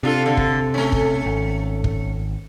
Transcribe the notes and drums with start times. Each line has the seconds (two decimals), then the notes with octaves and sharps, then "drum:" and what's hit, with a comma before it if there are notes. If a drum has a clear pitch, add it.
0.03 C3 D4 F4 A4
0.26 D3
0.37 drum: kick
0.74 A3 C#4
0.92 drum: kick
1.26 G#1
1.84 drum: kick